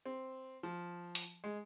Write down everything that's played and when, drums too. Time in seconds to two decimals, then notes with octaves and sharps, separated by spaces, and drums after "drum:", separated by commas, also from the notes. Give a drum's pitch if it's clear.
0.06 C4
0.63 F3
1.15 drum: open hi-hat
1.44 G#3